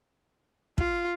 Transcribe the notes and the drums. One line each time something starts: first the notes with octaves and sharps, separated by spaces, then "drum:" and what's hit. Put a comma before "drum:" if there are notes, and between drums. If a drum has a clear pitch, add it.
F4, drum: kick